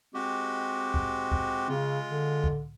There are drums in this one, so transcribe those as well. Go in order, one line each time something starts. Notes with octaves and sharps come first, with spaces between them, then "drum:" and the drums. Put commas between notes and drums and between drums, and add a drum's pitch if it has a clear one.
G#3 C4 F#4 G4
drum: kick C2
drum: kick C2
C#3 G#3 F4
D3
drum: kick C2